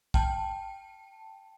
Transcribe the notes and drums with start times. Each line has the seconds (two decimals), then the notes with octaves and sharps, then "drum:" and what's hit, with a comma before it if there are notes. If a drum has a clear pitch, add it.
0.14 G5 A5, drum: kick